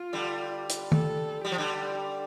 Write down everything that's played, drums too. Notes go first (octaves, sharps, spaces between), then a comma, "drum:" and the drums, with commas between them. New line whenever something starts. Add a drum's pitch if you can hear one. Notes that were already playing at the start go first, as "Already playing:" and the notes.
Already playing: F4
D3 G3
drum: hi-hat
A4, drum: tom D#3
G3 G4
F3
D3 G3